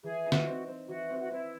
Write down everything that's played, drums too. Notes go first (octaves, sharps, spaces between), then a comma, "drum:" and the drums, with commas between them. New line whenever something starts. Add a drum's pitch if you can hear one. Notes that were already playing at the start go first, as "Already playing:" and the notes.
E3 G#4
D#4
F#4, drum: snare
C4
C4
E3 F#4
C4
F#4
C4 E4